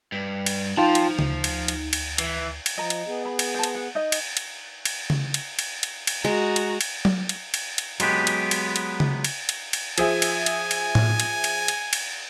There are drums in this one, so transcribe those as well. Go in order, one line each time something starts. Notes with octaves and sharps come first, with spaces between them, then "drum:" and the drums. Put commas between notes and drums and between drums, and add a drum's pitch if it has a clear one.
G2
drum: cymbal
F3 D#4 F4 G5 A5
drum: cymbal
D2, drum: tom C#3
drum: cymbal
drum: cymbal
drum: cymbal
E3 C7, drum: cymbal
drum: cymbal
F3 D#5 A#5
drum: cymbal
B3 G#4
B5
drum: cymbal
C5 A5
drum: cymbal
F#5
D#4 D#5
drum: cymbal
drum: cymbal
drum: cymbal
drum: tom C#3
drum: cymbal
drum: cymbal
drum: cymbal
drum: cymbal
G#3 F#4 A#5
drum: cymbal
drum: cymbal
drum: tom F#3
drum: cymbal
drum: cymbal
drum: cymbal
F#3 G#3 B3 G4, drum: cymbal
drum: cymbal
drum: cymbal
drum: cymbal
drum: tom C#3
drum: cymbal
drum: cymbal
drum: cymbal
F3 G#4 E5 G#5, drum: cymbal
drum: cymbal
drum: cymbal
drum: cymbal
drum: tom A2
drum: cymbal
drum: cymbal
drum: cymbal
drum: cymbal